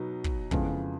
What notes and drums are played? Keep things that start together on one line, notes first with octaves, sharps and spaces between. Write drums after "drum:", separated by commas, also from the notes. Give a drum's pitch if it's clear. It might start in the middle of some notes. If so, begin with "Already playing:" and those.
Already playing: B2 F#3 B3 D#4
drum: kick
F2 C#3 E3 G#3 B3, drum: kick